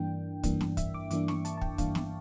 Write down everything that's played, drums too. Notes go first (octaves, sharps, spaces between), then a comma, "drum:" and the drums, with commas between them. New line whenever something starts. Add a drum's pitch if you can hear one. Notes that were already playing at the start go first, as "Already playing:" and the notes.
Already playing: G2 E3 A#3 D4 G5
G2 E3 A#3 D4, drum: kick, hi-hat
drum: snare
E5, drum: kick, hi-hat
D6
G2 E3 A#3 D4 D6, drum: hi-hat
C#6, drum: snare
A5, drum: hi-hat
A5
G5, drum: kick
G2 E3 A#3 D4 F5, drum: kick, hi-hat
drum: snare